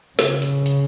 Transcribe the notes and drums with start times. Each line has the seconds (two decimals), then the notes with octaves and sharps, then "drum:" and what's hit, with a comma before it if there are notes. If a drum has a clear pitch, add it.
0.19 C#3, drum: snare
0.42 drum: hi-hat
0.66 drum: hi-hat